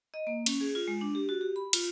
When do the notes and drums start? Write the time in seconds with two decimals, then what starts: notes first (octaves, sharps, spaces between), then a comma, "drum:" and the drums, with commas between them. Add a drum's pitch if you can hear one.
0.14 D#5
0.27 A#3
0.46 C#4, drum: cymbal
0.61 G#4
0.75 F4
0.88 G#3
1.01 D4
1.15 G4
1.29 F#4
1.41 G4
1.56 B5
1.73 F4, drum: cymbal